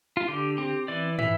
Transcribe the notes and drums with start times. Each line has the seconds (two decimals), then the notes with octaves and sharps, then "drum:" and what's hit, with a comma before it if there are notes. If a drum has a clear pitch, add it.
0.17 F4
0.28 D3 G4
0.58 C4 G4
0.88 E3 D5
1.19 E3 E5, drum: tom